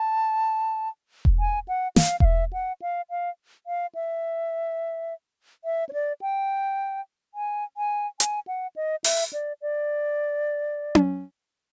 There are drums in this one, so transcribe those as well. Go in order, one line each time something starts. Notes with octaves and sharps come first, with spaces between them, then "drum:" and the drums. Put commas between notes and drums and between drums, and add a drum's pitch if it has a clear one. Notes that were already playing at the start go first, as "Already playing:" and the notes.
Already playing: A5
drum: kick E1
G#5
F#5
F5, drum: snare
F5, drum: kick E1
E5
F#5
F5
F5
F5
E5
E5
C#5
D5
G5
G#5
G#5
G#5, drum: hi-hat
F#5
D#5
E5, drum: open hi-hat
D5
D5
drum: tom C#4